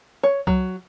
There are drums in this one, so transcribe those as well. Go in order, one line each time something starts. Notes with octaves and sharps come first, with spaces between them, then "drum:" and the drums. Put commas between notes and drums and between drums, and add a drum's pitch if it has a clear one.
C#5
F#3, drum: kick C2